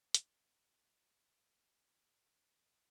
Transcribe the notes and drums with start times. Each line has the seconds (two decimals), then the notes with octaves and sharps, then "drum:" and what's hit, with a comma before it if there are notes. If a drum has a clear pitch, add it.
0.14 G#2 B2, drum: hi-hat